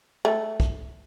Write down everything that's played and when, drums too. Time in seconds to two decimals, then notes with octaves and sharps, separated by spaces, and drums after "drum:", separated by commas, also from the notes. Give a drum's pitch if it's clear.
0.25 A3
0.60 drum: kick